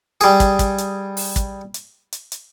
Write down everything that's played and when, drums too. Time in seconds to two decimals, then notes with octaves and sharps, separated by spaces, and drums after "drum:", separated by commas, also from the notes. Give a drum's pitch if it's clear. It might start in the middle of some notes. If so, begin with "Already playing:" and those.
0.21 G3 G#4, drum: hi-hat
0.40 drum: kick, hi-hat
0.59 drum: kick, hi-hat
0.78 drum: hi-hat
1.17 drum: open hi-hat
1.36 drum: kick, hi-hat
1.74 drum: hi-hat
2.12 drum: hi-hat
2.32 drum: hi-hat